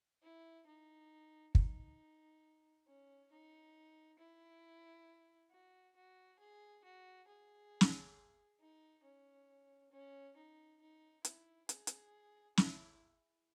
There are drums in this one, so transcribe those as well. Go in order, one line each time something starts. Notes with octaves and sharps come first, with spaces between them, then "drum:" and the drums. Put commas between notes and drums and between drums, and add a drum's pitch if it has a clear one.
E4
D#4
D#4, drum: kick
C#4
D#4
E4
F#4
F#4
G#4
F#4
G#4
drum: snare
D#4
C#4
C#4
D#4
D#4
E4, drum: hi-hat
G#4, drum: hi-hat
drum: hi-hat
E4, drum: snare